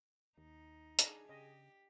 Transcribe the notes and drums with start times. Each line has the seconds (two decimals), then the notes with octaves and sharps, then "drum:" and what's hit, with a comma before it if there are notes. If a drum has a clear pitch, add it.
0.38 D#2 D#4
0.99 D4 G#4 D#5, drum: hi-hat
1.29 C#3 G4 D#5